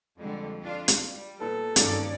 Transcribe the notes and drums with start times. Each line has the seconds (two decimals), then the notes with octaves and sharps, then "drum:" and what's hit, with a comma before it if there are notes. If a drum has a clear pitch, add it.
0.18 F2 D3 G3 G#3
0.62 D4 F4
0.88 drum: hi-hat
1.09 G3
1.40 A#2 B3 A4
1.76 G2 D#3 F#3 A#3 C#4 D5, drum: hi-hat